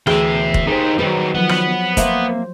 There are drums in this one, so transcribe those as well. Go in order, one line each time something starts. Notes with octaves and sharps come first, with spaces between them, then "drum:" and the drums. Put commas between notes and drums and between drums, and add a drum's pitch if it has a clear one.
D2 E3 G#4 E5 G5, drum: rim click
drum: kick
D#4 G4 G#4 C5
D#3 F#3 G3 B4
F3 F#3 B3 F#5
drum: rim click
A#3 C4 C5 E5, drum: kick, hi-hat